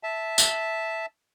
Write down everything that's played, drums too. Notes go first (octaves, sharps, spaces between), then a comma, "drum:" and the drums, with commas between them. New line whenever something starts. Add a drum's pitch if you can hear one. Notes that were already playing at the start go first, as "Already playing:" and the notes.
E5 A5
drum: tambourine